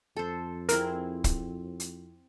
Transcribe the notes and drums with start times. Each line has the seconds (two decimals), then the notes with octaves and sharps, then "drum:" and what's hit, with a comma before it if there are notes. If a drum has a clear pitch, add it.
0.16 F2 A4 C5
0.69 C4 E4 G#4 A#4, drum: hi-hat
1.24 drum: kick, hi-hat
1.80 drum: hi-hat